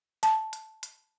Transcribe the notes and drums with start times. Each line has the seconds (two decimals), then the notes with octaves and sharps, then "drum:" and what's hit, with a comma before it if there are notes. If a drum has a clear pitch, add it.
0.23 A5, drum: hi-hat
0.53 drum: hi-hat
0.83 drum: hi-hat